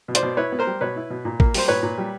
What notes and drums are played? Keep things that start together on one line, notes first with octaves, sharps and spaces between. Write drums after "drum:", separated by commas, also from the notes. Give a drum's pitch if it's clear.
B2
C5 D5, drum: hi-hat
B2
E4 B4 C#5
B3
A#4 C5
G3
B2 B4 C#5
E4
B2
A#2
A#3, drum: kick
G3 C5, drum: open hi-hat
A#2 B4 C#5
A#2
G3